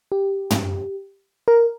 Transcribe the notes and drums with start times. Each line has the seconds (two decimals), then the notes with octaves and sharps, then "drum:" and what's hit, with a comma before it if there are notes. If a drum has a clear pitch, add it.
0.12 G4
0.51 drum: tom
1.48 A#4